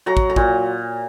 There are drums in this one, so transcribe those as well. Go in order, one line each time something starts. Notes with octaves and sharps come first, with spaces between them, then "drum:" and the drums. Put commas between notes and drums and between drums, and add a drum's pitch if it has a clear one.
F#3 A#5
drum: kick
A#5
A#2, drum: kick